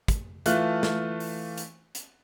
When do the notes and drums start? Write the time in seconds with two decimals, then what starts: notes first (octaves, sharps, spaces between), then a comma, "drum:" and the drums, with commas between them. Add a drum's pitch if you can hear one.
0.08 drum: kick, hi-hat
0.46 E3 A3 F4 F6 F#6, drum: hi-hat
0.83 drum: snare
1.20 drum: open hi-hat
1.58 drum: hi-hat
1.95 drum: hi-hat